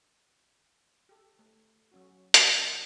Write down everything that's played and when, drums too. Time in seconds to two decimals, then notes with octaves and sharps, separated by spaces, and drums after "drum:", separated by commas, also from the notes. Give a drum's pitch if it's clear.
1.09 G4 A4
1.39 A3
1.92 F#3 C#4 F#4
2.34 C#3 F#3 B3, drum: hi-hat
2.58 D#4 F#4